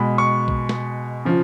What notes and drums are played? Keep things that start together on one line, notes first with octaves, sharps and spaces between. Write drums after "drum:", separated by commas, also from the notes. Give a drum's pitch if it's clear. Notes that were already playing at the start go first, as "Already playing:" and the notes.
Already playing: B2 G#3 B5
C#6
drum: kick A#1
drum: snare
C#3 F3